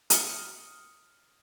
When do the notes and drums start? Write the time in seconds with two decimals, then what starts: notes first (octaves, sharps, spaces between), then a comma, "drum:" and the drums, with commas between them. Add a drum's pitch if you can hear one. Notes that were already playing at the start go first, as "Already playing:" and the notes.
0.10 D#6 F6 C#7, drum: hi-hat